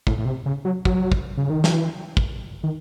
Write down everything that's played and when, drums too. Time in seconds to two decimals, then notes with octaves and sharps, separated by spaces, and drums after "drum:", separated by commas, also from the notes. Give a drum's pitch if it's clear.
0.07 A2, drum: kick
0.18 A2
0.25 C3
0.46 C#3
0.65 F#3
0.85 F#3, drum: kick
1.12 drum: kick
1.37 C#3
1.50 D#3
1.64 E3, drum: snare
2.17 drum: kick
2.63 D#3